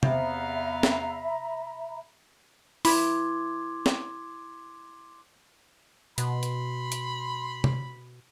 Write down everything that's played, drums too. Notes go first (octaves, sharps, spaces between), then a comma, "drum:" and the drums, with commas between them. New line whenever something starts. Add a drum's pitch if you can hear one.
E2 C3 B3 E5 F5 A#5 B5, drum: tom C3
drum: snare
E4 B5 C6 D6 G#6, drum: open hi-hat
drum: snare
B2 B5 C6, drum: hi-hat
drum: hi-hat
drum: hi-hat
drum: tom C3